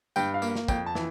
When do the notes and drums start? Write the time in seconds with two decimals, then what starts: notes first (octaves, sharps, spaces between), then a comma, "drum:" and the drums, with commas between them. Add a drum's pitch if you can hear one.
0.16 G2 G5, drum: tambourine
0.34 F5
0.42 A#3, drum: tambourine
0.55 drum: snare
0.68 F2 G5, drum: kick, tambourine
0.86 A5
0.95 E3, drum: snare